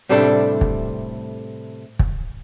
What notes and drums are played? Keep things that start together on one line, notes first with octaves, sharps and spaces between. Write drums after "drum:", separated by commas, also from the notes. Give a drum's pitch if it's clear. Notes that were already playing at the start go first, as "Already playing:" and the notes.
A2 C3 G3 A3 D4 A4
drum: kick
drum: kick